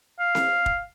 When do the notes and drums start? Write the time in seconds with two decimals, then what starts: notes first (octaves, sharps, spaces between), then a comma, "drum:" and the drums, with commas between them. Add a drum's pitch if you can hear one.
0.19 F5
0.35 drum: snare C4
0.66 drum: kick